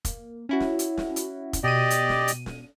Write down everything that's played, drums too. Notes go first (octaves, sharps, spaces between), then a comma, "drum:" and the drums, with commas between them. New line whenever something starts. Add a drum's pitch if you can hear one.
A#3, drum: kick F1, hi-hat
C#4 E4 F#4
drum: snare
drum: hi-hat
drum: snare
drum: hi-hat
drum: kick F1, hi-hat
B2 G4 D5 D#5 D#7
drum: hi-hat
drum: snare
drum: hi-hat
drum: snare